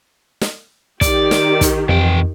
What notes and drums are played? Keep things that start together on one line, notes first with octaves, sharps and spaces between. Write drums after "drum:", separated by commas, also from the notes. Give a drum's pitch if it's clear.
drum: snare
D#3 G4 D5, drum: kick, hi-hat
drum: snare
drum: kick, hi-hat
F2 E3 G5